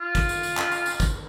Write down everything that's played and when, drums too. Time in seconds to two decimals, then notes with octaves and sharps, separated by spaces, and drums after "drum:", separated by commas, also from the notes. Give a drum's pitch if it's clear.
0.01 F4
0.15 drum: kick, tambourine
0.29 drum: tambourine
0.43 drum: tambourine
0.57 drum: clap
0.72 drum: tambourine
0.86 drum: tambourine
1.00 drum: kick, tambourine